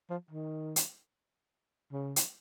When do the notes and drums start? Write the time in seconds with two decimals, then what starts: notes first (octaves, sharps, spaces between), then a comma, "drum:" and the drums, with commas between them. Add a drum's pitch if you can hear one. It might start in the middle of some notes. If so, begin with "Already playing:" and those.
0.10 F3
0.31 D#3
0.76 drum: hi-hat
1.92 C#3
2.16 drum: hi-hat